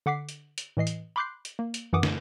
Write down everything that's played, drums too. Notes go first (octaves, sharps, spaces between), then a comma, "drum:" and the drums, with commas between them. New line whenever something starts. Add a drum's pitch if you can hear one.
D3 F#5 D6 B6 C7
drum: hi-hat
drum: hi-hat
A2 E3 D#5 C7
drum: hi-hat
B5 C6 D6 F#6 G6 C7
drum: hi-hat
A#3
drum: hi-hat
F#2 E3 F#5 D6 D#6
drum: snare